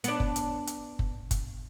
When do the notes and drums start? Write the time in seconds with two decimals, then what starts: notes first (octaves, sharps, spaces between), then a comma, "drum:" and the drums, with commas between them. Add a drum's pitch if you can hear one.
0.04 B3 D4, drum: hi-hat
0.20 drum: kick F#1
0.36 drum: hi-hat
0.67 drum: hi-hat
0.99 drum: kick F#1
1.31 drum: kick F#1, hi-hat